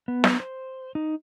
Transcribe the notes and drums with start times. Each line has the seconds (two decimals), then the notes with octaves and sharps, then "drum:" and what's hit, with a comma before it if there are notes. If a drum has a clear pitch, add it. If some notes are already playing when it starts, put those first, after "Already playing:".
0.08 B3
0.24 drum: snare
0.40 C5
0.95 D#4